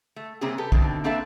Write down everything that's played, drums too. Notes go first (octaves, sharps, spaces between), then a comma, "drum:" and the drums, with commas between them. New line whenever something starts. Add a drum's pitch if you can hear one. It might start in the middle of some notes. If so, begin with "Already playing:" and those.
A3
C3 G3 A#3 C4 C#4 G#4
G4 A4 B4
B2 D3 D#3 A3 C4, drum: kick
A#3 C4 D4 A4 B4 E5